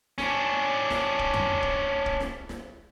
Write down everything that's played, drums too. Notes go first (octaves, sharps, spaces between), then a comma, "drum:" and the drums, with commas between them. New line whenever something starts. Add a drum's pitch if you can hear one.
C#4 D4, drum: snare
drum: snare
drum: kick
drum: tom F2
drum: kick
drum: kick
drum: snare
drum: snare